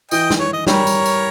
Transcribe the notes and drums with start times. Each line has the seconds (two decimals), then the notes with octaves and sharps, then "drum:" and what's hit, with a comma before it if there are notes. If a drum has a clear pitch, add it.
0.11 E3 D#5 G5, drum: tambourine
0.30 drum: snare
0.40 C#5
0.53 D#5
0.66 G3 A#4 C#5, drum: snare
0.87 drum: tambourine
1.06 drum: tambourine